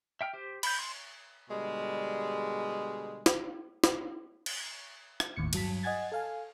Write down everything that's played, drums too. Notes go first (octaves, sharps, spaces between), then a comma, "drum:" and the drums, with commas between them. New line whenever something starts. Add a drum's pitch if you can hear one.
E5 G5 F6
G4 C5
B5 G6, drum: cymbal
C6
B2 D3 G3 G#3
drum: snare
drum: snare
drum: cymbal
drum: rim click
G1 D#2 A2 C#7
G2 F#3 A5 B6, drum: cymbal
D#5 F#5 G#5 G#6 A6
A4 F5 G#5